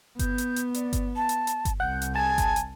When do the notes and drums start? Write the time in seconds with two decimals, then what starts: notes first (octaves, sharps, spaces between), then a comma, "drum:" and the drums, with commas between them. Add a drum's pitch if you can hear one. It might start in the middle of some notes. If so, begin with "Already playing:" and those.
0.19 B3 G6, drum: kick G1, hi-hat
0.38 drum: hi-hat
0.56 drum: hi-hat
0.74 D5, drum: hi-hat
0.93 drum: kick G1, hi-hat
1.16 A5
1.29 drum: hi-hat
1.47 drum: hi-hat
1.65 drum: kick G1, hi-hat
1.80 C2 F#5 G6
2.02 drum: hi-hat
2.15 G#4 G#5 A5
2.38 drum: kick G1, hi-hat
2.56 drum: hi-hat